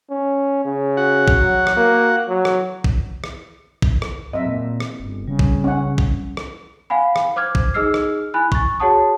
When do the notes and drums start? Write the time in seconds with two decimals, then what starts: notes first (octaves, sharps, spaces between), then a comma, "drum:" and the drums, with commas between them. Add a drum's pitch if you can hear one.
0.10 C#4
0.65 C#3
0.97 F#4 F#5
1.28 drum: kick
1.39 F#3
1.67 drum: rim click
1.76 A#3
2.29 F#3
2.45 drum: rim click
2.84 drum: kick
3.24 drum: rim click
3.82 drum: kick
4.02 drum: rim click
4.33 F#2 C4 D#5 E5
4.46 A#2
4.80 drum: rim click
5.00 G1
5.28 C#3 G3
5.39 drum: kick
5.64 C#4 F#5
5.98 drum: kick
6.37 drum: rim click
6.90 F5 F#5 G#5 B5
7.16 drum: rim click
7.36 C5 D6 F6 G#6
7.55 drum: kick
7.74 D#4 G#4 D#5 E6 F6 C7
7.94 drum: rim click
8.34 E4 G#5 B5 F#6
8.52 C#6 A6, drum: kick
8.80 F#4 G#4 C#5 F#5 A5 D#6